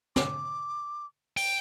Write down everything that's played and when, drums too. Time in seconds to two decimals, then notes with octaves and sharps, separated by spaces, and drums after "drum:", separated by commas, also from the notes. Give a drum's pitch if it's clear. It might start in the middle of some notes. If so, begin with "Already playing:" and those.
0.16 D6, drum: snare
1.37 G5, drum: open hi-hat